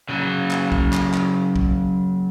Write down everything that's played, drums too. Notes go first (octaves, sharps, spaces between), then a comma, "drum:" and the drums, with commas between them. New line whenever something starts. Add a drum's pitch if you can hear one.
C#3 F#3
drum: clap
drum: kick
drum: clap
drum: clap
drum: kick